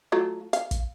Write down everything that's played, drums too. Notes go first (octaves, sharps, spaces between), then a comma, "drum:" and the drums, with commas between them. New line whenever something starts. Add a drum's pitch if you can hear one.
F#3 A3 F4
F5, drum: hi-hat
drum: kick, hi-hat